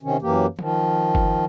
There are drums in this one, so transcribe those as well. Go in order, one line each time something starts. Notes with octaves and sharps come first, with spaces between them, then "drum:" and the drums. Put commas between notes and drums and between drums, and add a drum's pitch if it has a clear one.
C3 D#3 C#4
F#2 E3 A#3 G4
D#3 F3, drum: tom
drum: kick G1